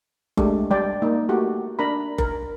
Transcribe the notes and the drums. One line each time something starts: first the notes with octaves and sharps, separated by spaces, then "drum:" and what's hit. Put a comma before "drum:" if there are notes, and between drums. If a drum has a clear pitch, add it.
G#3 A3 D4 G4, drum: kick F#1
G3 D5 G5
A#3 D#4
A3 F#4 G4
D4 A#4 A#5 B5
A#4, drum: kick F#1